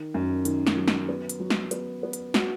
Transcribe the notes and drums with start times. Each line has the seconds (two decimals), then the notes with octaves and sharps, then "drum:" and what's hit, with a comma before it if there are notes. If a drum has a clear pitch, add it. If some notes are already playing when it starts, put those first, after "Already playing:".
Already playing: D#3
0.14 F#2
0.45 D#3, drum: hi-hat
0.67 drum: snare
0.77 F#3
0.88 drum: snare
1.09 B3
1.29 drum: hi-hat
1.40 F#3
1.50 drum: snare
1.71 B3, drum: hi-hat
2.03 B3
2.13 drum: hi-hat
2.34 F#4, drum: snare